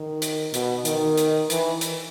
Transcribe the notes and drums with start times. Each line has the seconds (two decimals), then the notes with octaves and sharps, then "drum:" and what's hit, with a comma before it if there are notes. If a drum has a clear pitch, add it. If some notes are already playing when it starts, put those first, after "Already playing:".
Already playing: D#3
0.22 drum: hi-hat
0.54 B2, drum: hi-hat
0.85 D#3, drum: hi-hat
1.18 drum: hi-hat
1.50 E3, drum: hi-hat
1.81 drum: hi-hat